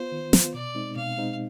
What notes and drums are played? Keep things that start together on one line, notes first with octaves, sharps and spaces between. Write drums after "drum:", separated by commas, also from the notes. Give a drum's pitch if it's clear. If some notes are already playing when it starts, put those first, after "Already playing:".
Already playing: B3 F4 C5
D#3
B3 F4, drum: snare
B2 D5
G#3 C4 D#4
B2 F5
G#3 C4 D#4